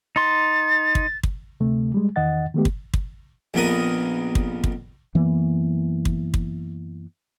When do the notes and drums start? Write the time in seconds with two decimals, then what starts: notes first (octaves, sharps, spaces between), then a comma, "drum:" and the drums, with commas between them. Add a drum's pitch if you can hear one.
0.16 D#4 C6 A6
0.95 drum: kick
1.23 drum: kick
1.60 D2 C3 A3
1.94 G3 G#3
2.16 E2 D#3 D#5 F#5 A6
2.54 D#3 G#3 A3 B3 G4
2.65 drum: kick
2.94 drum: kick
3.54 A#1 F2 B3 A#4 D#6
4.35 drum: kick
4.64 drum: kick
5.15 F#2 E3 A#3 B3
6.05 drum: kick
6.34 drum: kick